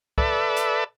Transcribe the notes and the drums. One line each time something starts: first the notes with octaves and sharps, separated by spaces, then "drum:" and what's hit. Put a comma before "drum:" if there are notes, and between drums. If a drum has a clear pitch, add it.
A4 B4 D5 E5, drum: kick
drum: hi-hat